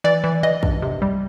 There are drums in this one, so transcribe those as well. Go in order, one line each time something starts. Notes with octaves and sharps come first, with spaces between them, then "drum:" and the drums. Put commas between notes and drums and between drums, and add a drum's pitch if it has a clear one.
E3 D5
E3
E3 D#5
G2, drum: kick
C3
G3